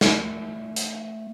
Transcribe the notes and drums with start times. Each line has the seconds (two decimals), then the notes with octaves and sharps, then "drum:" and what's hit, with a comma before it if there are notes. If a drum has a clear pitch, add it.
0.01 A3, drum: snare
0.76 drum: hi-hat